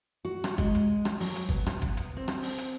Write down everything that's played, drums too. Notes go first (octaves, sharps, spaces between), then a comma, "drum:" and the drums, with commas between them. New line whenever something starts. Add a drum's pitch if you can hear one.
F#4
drum: rim click
G#3, drum: kick, hi-hat
drum: hi-hat
drum: rim click
F#3, drum: open hi-hat
drum: hi-hat
B3, drum: kick
drum: rim click
drum: kick, hi-hat
drum: hi-hat
C4
drum: rim click
drum: open hi-hat
drum: hi-hat